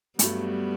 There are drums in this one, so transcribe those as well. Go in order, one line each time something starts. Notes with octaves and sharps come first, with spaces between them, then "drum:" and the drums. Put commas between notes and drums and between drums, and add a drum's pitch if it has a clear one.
G2 F#3 G3 A3 B3, drum: hi-hat